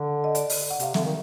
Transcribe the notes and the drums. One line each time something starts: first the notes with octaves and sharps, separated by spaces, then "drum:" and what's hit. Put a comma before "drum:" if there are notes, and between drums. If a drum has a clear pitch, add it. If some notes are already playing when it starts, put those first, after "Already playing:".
Already playing: D3
D#5
D5, drum: hi-hat
drum: open hi-hat
F#5
C3 F5, drum: hi-hat
D3 E5, drum: snare
D#3